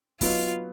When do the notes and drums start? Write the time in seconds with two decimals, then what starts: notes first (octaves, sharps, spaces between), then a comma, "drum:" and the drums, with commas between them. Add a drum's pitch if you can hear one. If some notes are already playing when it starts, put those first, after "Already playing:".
0.21 F#3 B3 D#4 F4 F#4, drum: kick, open hi-hat